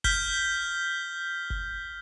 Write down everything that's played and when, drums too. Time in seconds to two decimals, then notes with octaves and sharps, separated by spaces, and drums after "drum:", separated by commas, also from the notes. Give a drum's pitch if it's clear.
0.04 F6 G6 B6 G7, drum: kick F#1
1.50 drum: kick F#1